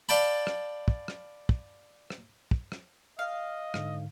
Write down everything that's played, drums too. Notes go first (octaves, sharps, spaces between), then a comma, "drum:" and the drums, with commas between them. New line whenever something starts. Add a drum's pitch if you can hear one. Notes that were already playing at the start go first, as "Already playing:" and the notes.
D5 F5 G5 A5 B5
drum: rim click
drum: kick
drum: rim click
drum: kick
drum: rim click
drum: kick
drum: rim click
D#5 F5
G#2 D3, drum: rim click